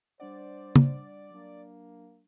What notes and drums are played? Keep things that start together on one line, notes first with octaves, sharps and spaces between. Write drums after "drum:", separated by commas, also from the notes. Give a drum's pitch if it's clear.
G3 D4 C5 D5 F#5
drum: tom C#3
F#3 A#3 D4